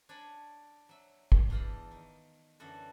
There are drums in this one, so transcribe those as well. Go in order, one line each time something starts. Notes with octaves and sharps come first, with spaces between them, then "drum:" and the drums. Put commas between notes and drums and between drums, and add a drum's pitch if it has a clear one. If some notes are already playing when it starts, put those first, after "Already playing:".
D4 C#5 G#5 A#5 B5
F#3 E5
drum: kick
E2 D4 D#5 F5 A5 B5
D#3
F#2 D3 E3 F#4 A4